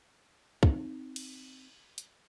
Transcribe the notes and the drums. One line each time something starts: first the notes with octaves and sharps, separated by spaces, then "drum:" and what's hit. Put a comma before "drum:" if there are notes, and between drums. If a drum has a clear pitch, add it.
C4 D#4, drum: kick
drum: cymbal
drum: hi-hat